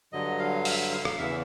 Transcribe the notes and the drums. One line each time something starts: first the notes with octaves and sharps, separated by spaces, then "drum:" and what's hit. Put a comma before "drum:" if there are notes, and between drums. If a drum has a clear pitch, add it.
G2 D3 F#3 D#5
F5
E5, drum: open hi-hat
F5
drum: rim click
E2 C#3 E3 E5